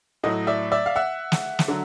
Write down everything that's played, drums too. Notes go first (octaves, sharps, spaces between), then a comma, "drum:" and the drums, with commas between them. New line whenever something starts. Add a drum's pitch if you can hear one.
A2 F#3 A3 D#5
D5 E5
D5 E5
F5
E5 F#5
drum: snare
drum: snare
D3 F#3